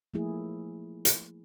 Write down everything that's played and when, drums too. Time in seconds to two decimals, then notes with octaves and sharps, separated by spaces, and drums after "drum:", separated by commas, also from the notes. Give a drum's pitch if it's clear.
0.14 F3 A3 A#3 E4 G#4
1.05 drum: hi-hat